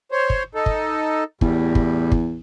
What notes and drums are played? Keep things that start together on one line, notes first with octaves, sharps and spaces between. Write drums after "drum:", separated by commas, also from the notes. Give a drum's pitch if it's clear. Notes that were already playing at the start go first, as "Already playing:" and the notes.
C5 C#5
drum: kick
D#4 A4
drum: kick
E2 A2 G3, drum: kick
drum: kick
drum: kick